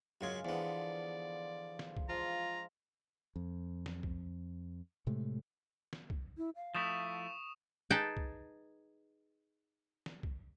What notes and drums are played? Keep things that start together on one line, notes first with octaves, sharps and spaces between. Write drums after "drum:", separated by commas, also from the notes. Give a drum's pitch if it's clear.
F#2 C#3 G#3 F4 G#4 D6
E2 D3 F3 B3 D5
drum: snare
drum: kick
F3 G#3 F4 A#5
F2
drum: snare
drum: kick
A2 C3 G#3 A3
drum: snare
drum: kick
E4
F5
F3 A3 E4 C#6 D#6 E7
D#4 G#4 B4 G5 A5
drum: kick
drum: snare
drum: kick